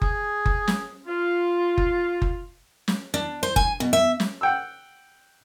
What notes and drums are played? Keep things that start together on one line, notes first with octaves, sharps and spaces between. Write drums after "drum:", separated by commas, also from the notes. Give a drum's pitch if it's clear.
G#4, drum: kick F#1
drum: kick F#1
drum: snare
F4
drum: kick F#1
drum: kick F#1
drum: snare
D4
C5
G#5, drum: kick F#1
B2
E5
drum: snare
F#5 G5 E6